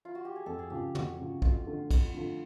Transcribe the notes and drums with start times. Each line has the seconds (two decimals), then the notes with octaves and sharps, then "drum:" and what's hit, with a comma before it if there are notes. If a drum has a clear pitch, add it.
0.05 F4
0.15 F#4
0.25 G4
0.36 G#4
0.46 F2 A4
0.59 G#4
0.70 C#3 F3 G4
0.95 F2 F#4, drum: tom
1.18 C#3 F3
1.42 F2 F4, drum: kick
1.67 D3 F3 A3
1.91 F2, drum: kick, cymbal
2.14 D3 F3 A3